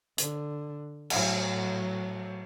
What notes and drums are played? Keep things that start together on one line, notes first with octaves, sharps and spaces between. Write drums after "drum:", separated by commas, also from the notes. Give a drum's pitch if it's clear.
D3, drum: hi-hat
A2 F#3, drum: cymbal